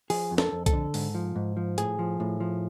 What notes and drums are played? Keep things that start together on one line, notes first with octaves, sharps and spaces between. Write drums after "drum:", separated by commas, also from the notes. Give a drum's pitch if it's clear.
F3 G#4, drum: open hi-hat
F2
A4, drum: snare
F2
A4, drum: kick B1, hi-hat
D3
G#2, drum: open hi-hat
F3
G#2
F3
A2 G#4, drum: hi-hat
F3
A2
F3